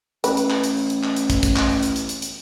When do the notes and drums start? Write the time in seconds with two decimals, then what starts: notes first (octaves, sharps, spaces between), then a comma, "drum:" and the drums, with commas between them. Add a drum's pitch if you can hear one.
0.24 A1 B4, drum: hi-hat
0.37 drum: hi-hat
0.50 drum: clap
0.64 drum: hi-hat
0.77 drum: open hi-hat
0.90 drum: hi-hat
1.03 drum: clap
1.16 drum: hi-hat
1.30 drum: kick, hi-hat
1.43 drum: kick, hi-hat
1.56 drum: clap
1.69 drum: open hi-hat
1.83 drum: hi-hat
1.96 drum: hi-hat
2.09 drum: hi-hat
2.22 drum: hi-hat